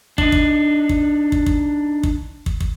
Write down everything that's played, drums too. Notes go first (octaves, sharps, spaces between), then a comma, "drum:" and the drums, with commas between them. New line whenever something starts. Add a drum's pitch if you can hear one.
D4 D#4, drum: kick
drum: kick
drum: kick
drum: kick
drum: kick
drum: kick
drum: kick
drum: kick